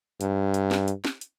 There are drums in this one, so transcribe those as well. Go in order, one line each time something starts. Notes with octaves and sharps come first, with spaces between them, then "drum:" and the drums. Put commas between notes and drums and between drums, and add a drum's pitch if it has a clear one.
G2, drum: hi-hat
drum: hi-hat
drum: snare
drum: hi-hat
drum: snare
drum: hi-hat